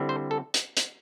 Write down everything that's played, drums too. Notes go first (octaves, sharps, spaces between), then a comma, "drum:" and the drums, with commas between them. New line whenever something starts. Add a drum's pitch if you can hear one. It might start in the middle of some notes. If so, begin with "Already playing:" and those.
Already playing: D3 G3 C4 E4
C5
A4
drum: hi-hat
drum: hi-hat